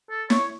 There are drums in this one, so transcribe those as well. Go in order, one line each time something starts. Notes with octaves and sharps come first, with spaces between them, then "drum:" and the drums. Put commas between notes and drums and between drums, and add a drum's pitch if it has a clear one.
A4
C#5, drum: snare